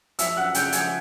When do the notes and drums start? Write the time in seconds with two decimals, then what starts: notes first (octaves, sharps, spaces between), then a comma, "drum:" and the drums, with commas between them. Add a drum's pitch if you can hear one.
0.19 F3 E5 E6, drum: hi-hat
0.37 F#2 F#5 F#6
0.54 C#3 G5 G6, drum: hi-hat
0.72 F3 G#5 G#6, drum: hi-hat